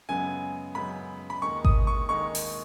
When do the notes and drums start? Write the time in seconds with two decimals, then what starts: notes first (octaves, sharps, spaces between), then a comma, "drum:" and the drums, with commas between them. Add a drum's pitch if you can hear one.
0.09 F#2 C#3 G#3 B3 G#5
0.75 F#2 C#3 G#3 B3 B5
1.30 B5
1.42 D#2 D#3 G#3 D#4 C#6
1.65 D#6, drum: kick G#1
1.87 C#6
2.09 D#2 D#3 G#3 D#4 C#6
2.35 drum: open hi-hat